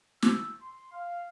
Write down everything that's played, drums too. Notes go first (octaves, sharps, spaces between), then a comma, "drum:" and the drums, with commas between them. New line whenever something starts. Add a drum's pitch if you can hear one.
E6, drum: snare
C6
F5